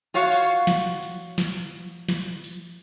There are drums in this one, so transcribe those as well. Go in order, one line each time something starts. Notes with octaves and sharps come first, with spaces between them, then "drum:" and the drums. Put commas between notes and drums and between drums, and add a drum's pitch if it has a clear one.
F4 F#4 C#5 F5
drum: tambourine
drum: snare
drum: tambourine
drum: snare
drum: snare
drum: tambourine